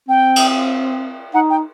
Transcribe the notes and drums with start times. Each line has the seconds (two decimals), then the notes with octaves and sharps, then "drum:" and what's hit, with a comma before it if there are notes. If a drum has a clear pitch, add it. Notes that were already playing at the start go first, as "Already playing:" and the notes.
0.08 C4 G5
0.36 drum: cymbal
1.34 D#4 F#5
1.50 G5